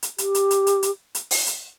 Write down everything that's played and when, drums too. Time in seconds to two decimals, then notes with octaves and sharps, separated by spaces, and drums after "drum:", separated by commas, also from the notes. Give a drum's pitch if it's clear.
0.03 drum: hi-hat
0.18 G4, drum: hi-hat
0.35 drum: hi-hat
0.51 drum: hi-hat
0.67 drum: hi-hat
0.83 drum: hi-hat
1.15 drum: hi-hat
1.31 drum: open hi-hat
1.47 drum: hi-hat